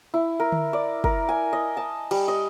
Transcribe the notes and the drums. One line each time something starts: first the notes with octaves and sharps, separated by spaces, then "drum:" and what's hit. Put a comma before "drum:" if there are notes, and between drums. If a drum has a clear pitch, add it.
E4
A#4
drum: tom D3
D5
A#4, drum: kick
G#5
D#5
A5
G3, drum: cymbal
D#5